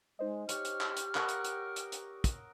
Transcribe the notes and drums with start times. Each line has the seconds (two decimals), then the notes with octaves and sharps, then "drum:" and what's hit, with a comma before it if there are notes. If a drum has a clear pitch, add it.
0.19 G#3 D#4 C5 D#5
0.49 G4 C#5 F6, drum: hi-hat
0.65 drum: hi-hat
0.81 drum: clap
0.97 drum: hi-hat
1.15 A#4 F#5 C#6 D#6 E6 A#6, drum: clap
1.28 drum: hi-hat
1.44 drum: hi-hat
1.76 drum: hi-hat
1.92 drum: hi-hat
2.24 drum: kick, hi-hat